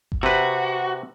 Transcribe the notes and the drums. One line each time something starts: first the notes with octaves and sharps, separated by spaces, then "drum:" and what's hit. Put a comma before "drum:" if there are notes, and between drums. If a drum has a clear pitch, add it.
drum: kick G1
C3 F#4 B4